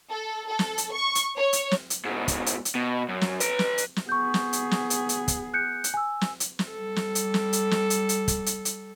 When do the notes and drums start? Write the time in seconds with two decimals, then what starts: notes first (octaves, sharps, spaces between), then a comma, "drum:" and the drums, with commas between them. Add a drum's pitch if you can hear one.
0.11 A4
0.48 A4
0.59 drum: snare
0.78 drum: hi-hat
0.92 C#6
1.15 drum: hi-hat
1.37 C#5
1.53 drum: hi-hat
1.71 drum: snare
1.90 drum: hi-hat
2.05 G#2 B2
2.28 drum: kick, hi-hat
2.46 drum: hi-hat
2.65 drum: hi-hat
2.75 B2
3.09 F#2
3.21 drum: snare
3.40 B4 A#5, drum: hi-hat
3.59 drum: snare
3.78 drum: hi-hat
3.96 drum: snare
4.09 B3 G#4 C#6 G6
4.34 drum: snare
4.53 drum: hi-hat
4.71 drum: snare
4.90 drum: hi-hat
5.09 drum: hi-hat
5.28 drum: kick, hi-hat
5.54 F#6 G6 C#7
5.84 drum: hi-hat
5.94 G#5 E6
6.21 drum: snare
6.40 drum: hi-hat
6.59 drum: snare
6.70 G3 A4
6.96 drum: snare
7.15 drum: hi-hat
7.34 drum: snare
7.53 drum: hi-hat
7.71 drum: snare
7.90 drum: hi-hat
8.09 drum: hi-hat
8.28 drum: kick, hi-hat
8.46 drum: hi-hat
8.65 drum: hi-hat